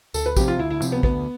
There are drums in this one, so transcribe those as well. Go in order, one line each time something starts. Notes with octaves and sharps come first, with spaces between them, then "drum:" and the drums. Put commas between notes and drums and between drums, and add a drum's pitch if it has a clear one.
D2 A4, drum: tambourine
B4
C3 F3 C4 G4, drum: kick A#1, tambourine
F4
D2 E4
E4
C3 F3 C4, drum: tambourine
B3
D2 B3, drum: kick A#1